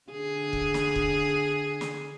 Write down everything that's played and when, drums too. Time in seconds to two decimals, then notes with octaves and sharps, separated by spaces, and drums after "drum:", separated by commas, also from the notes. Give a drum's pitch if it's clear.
0.10 D3 G#4
0.53 drum: kick
0.74 drum: snare
0.96 drum: kick
1.81 drum: snare